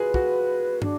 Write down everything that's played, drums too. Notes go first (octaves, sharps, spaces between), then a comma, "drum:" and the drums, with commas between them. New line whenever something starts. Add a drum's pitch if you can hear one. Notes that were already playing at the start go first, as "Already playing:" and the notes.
Already playing: F4 F#4 G#4 B4
F#4, drum: kick
D4, drum: tom